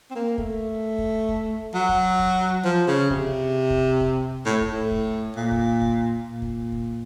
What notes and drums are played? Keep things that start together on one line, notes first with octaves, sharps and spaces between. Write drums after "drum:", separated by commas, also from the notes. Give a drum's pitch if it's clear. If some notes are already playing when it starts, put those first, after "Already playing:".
C4
A#3
A3, drum: kick
drum: kick
drum: kick
F#3
drum: kick
drum: kick
F3
C#3
C3, drum: kick
drum: kick
drum: kick
A2
drum: kick
A2
drum: kick
A#2
drum: kick
drum: kick
A#2
drum: kick
drum: kick